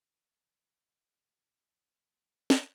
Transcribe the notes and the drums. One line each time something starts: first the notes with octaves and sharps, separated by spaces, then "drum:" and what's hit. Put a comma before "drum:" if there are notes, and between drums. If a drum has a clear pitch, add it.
C3 F3 F#3 B3
A#2
A3 C5 D#5 E5 G#5
A3 C6
drum: snare